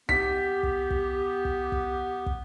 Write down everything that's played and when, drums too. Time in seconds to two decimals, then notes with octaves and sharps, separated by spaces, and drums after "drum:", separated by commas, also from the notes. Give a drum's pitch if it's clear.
0.09 B3 G4 B6, drum: kick
0.63 drum: kick
0.90 drum: kick
1.45 drum: kick
1.72 drum: kick
2.26 drum: kick